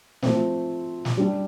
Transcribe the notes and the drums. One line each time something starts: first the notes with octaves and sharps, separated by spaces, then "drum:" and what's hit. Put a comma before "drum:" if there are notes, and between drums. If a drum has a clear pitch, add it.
F3 A3 C4, drum: snare
drum: snare
G3 D4 G4